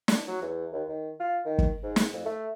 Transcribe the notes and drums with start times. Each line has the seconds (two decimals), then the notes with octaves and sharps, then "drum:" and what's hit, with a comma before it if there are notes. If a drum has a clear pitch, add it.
0.08 D4, drum: snare
0.27 F#3
0.41 E2
0.72 D#2
0.89 D#3
1.20 F4
1.45 D#3
1.58 drum: kick
1.83 G#2
1.96 drum: snare
2.13 F2
2.25 A3